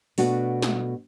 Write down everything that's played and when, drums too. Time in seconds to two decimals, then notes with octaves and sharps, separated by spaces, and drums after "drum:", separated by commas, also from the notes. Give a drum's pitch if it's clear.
0.18 B2 A3 D4 F#4, drum: open hi-hat
0.62 drum: snare